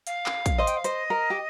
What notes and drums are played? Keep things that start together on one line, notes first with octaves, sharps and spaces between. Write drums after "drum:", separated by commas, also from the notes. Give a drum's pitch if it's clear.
F5, drum: hi-hat
drum: clap
drum: kick, hi-hat
C5 D#5
G5, drum: hi-hat
F5
C5 D#5, drum: hi-hat
A#4
G4